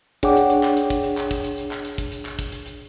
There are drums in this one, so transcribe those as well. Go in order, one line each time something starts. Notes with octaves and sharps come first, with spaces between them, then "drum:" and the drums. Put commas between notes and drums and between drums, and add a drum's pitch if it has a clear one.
D4 G#4 C#5 F#5 G5 D6, drum: kick, hi-hat
drum: hi-hat
drum: hi-hat
drum: clap
drum: hi-hat
drum: kick, hi-hat
drum: hi-hat
drum: clap
drum: kick, hi-hat
drum: hi-hat
drum: hi-hat
drum: clap
drum: hi-hat
drum: kick, hi-hat
drum: hi-hat
drum: clap
drum: kick, hi-hat
drum: hi-hat
drum: hi-hat